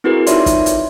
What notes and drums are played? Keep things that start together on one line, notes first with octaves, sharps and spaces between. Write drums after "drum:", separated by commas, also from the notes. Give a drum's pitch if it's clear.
C4 E4 F#4 G#4 A#4 B4
D#4 F4 C#5 D5 E5 C6, drum: hi-hat
drum: kick, hi-hat
drum: hi-hat